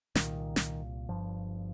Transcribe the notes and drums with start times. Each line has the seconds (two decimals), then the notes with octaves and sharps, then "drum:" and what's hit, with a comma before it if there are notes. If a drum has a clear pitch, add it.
0.15 C2 A#2 D#3, drum: snare
0.56 drum: snare
1.09 G1 G2 F3